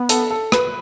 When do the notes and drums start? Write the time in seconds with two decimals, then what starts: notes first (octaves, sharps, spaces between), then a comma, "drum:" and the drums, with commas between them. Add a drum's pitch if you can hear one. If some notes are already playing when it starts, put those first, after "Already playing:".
Already playing: B3
0.09 A4, drum: hi-hat
0.30 A4
0.52 B4, drum: rim click